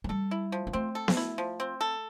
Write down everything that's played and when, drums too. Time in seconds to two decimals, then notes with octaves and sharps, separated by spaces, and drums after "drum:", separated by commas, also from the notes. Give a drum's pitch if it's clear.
0.04 F3
0.09 G3 A4
0.31 E4
0.52 F3
0.67 B3
0.73 A3 C4
0.95 A4
1.08 drum: snare B3
1.17 E4
1.38 F3
1.60 C4
1.81 A4